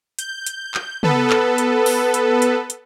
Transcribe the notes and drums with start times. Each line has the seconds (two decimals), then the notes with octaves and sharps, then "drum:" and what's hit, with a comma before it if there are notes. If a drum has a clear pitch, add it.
0.19 G6, drum: hi-hat
0.46 drum: hi-hat
0.74 drum: clap
1.03 B3 A4 B4, drum: tom
1.30 drum: clap
1.58 drum: hi-hat
1.86 drum: open hi-hat
2.14 drum: hi-hat
2.42 drum: hi-hat
2.70 drum: hi-hat